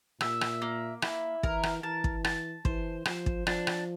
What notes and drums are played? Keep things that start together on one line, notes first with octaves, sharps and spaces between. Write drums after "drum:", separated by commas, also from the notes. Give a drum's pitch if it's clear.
A#2 E5, drum: rim click
drum: rim click
A#3
E4, drum: rim click
E3 A#4, drum: kick
drum: rim click
E3 A5
drum: kick
A5, drum: rim click
E3 C5, drum: kick
F3 C5, drum: rim click
drum: kick
F3 D4, drum: rim click
drum: rim click